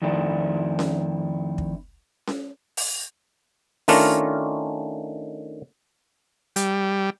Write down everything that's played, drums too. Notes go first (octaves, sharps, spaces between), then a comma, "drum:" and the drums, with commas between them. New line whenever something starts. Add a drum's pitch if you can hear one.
F2 D#3 A3 D4 E4
drum: snare C#4
drum: kick
drum: snare C#4
drum: open hi-hat
D#3 A3 C#4 D4 F4 A#4, drum: open hi-hat
G3, drum: hi-hat